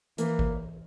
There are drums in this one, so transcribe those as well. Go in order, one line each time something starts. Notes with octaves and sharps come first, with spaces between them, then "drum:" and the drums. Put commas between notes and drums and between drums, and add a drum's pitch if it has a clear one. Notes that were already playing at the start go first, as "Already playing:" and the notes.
E3 A#3, drum: hi-hat
drum: kick